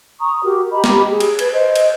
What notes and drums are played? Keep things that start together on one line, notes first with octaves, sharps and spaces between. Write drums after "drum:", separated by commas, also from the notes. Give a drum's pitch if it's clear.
A#5 C#6 D#6
F#4 G4 A#4
G4 D#5 A#5 B5
drum: snare
G#4
drum: cymbal
B4 G#6, drum: cymbal
C5 D#5
drum: cymbal